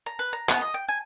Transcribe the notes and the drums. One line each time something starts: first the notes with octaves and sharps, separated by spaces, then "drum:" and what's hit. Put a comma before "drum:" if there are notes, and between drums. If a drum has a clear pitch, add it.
A#5
B4
A#5
B3, drum: clap
D#5
G5
G#5